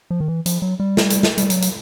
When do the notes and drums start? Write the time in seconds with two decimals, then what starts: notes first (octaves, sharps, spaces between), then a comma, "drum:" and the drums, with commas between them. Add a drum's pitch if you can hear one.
0.10 F3
0.20 D#3
0.28 E3
0.46 F3, drum: hi-hat
0.62 F#3
0.80 G3
0.97 drum: snare
1.10 drum: hi-hat
1.23 drum: snare
1.38 G3, drum: hi-hat
1.50 F#3, drum: hi-hat
1.62 drum: hi-hat